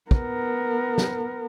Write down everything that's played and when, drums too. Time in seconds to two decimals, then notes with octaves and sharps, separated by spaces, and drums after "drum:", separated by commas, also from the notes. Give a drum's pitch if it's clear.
0.11 B3 A#4, drum: kick
0.98 drum: snare